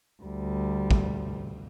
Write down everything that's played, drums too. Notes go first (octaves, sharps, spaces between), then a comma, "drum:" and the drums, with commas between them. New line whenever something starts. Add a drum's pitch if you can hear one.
D2 G3
drum: kick